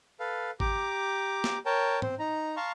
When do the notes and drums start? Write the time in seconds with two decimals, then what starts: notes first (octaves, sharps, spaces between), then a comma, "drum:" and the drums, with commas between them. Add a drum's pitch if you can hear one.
0.20 A4 B4 F5
0.60 G4 A#5 D6, drum: kick G#1
1.44 drum: snare
1.66 A#4 C#5 G5 A5
2.02 C4 C5, drum: tom
2.19 D#4 A#5
2.57 F5 A5 A#5 C6 C#6